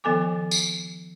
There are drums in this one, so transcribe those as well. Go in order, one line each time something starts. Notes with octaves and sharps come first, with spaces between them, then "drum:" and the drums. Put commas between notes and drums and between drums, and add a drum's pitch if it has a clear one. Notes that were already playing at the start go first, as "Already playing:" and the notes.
D#3 F3 B3 A4 G#5 D6
drum: tambourine